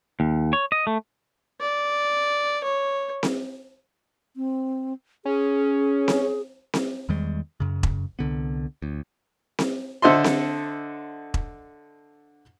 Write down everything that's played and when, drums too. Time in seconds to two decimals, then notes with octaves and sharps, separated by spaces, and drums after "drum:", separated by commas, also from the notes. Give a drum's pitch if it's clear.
0.20 D#2
0.53 C#5
0.72 D#5
0.87 A3
1.61 D5
2.64 C#5
3.23 drum: snare C4
4.36 C4
5.25 C#4 G#4
6.08 drum: snare C4
6.74 drum: snare C4
7.09 E2 D#3 G3 G#3
7.60 F#2 C#3
7.83 drum: kick E1
8.19 C2 D3 B3
8.82 D2
9.59 drum: snare C4
10.02 D3 A4 C5 D#5 E5 C6
10.24 drum: snare C4
11.34 drum: kick E1